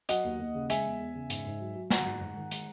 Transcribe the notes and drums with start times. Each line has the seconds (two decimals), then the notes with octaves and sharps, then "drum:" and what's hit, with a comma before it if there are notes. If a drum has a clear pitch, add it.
0.09 F#3 D#5 F#5, drum: hi-hat
0.24 D#2
0.39 D#2
0.54 C#3
0.70 G#3 E5 G#5, drum: hi-hat
0.85 E2
1.00 E2
1.15 C#3
1.30 G#2, drum: hi-hat
1.45 G#2
1.60 F#3
1.75 F#3
1.90 F#3 F#5 A#5, drum: snare
2.06 G#2
2.21 G#2
2.36 D#3
2.51 G#3, drum: hi-hat